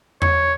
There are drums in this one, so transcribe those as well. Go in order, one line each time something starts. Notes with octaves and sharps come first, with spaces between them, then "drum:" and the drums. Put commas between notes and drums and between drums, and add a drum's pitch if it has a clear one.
C#5, drum: tom E2